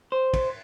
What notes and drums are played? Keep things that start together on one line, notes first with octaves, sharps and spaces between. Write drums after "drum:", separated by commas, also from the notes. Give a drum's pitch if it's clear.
C5
drum: kick, cymbal